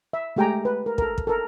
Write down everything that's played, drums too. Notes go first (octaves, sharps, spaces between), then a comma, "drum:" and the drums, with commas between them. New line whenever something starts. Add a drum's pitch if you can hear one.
E5
G#3 A3 G4 G5 G#5 A#5
B4
A#4
A4 A#4, drum: kick
drum: kick
A4 A#4